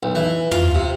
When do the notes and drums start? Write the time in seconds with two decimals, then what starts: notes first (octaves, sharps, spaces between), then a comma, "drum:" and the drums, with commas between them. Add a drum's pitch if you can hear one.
0.03 B1
0.15 E3
0.51 F4, drum: tom
0.75 C3